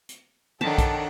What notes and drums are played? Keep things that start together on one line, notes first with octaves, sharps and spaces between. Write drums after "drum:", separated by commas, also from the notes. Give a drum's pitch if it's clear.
drum: hi-hat
D#3 D4 A4 C#5 F#5 G5 A5
drum: kick, hi-hat